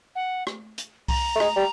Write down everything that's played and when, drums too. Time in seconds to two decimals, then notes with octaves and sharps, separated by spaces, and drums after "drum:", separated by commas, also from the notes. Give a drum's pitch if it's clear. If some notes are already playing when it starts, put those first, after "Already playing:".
0.15 F#5
0.47 drum: rim click
0.78 drum: hi-hat
1.08 A#5, drum: kick C2, open hi-hat
1.36 A3
1.40 G#3, drum: rim click
1.56 G3